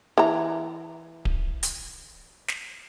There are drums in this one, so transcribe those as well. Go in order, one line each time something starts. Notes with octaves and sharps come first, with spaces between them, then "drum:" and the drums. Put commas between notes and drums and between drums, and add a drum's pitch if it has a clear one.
E3 A#5
drum: kick D1
drum: hi-hat
drum: snare